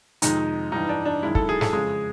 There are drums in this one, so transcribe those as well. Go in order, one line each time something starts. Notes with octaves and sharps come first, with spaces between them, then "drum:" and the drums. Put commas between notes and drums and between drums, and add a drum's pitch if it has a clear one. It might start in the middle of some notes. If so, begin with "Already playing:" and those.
F2 C3 D#3 G#3 D#4, drum: hi-hat
G2 E3 G3 D#4
D4
D4
F#2 D#3 G#3 E4
A4, drum: kick
G#4
A4, drum: snare
F2 C#3 F3 G#3 G#4